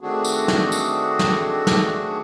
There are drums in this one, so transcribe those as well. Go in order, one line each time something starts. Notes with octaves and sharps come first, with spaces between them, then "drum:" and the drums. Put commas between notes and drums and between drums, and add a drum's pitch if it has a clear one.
D#3 A3 C4 D4 F#4 G#4
drum: tambourine
drum: snare
drum: tambourine
drum: snare
drum: snare